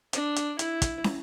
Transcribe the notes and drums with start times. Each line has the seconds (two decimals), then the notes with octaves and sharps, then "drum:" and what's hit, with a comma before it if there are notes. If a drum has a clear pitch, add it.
0.13 D4, drum: hi-hat
0.36 drum: hi-hat
0.59 E4, drum: hi-hat
0.82 drum: kick, hi-hat
1.04 drum: snare